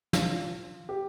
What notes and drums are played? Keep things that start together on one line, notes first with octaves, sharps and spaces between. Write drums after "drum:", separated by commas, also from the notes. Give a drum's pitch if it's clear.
F4, drum: snare
G4